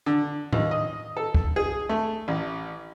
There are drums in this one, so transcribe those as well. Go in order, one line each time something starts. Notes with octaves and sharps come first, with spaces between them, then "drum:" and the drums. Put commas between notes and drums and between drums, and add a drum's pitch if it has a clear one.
D3
D#2, drum: tom A2
D#5
A4
drum: kick
G#4
A3
A1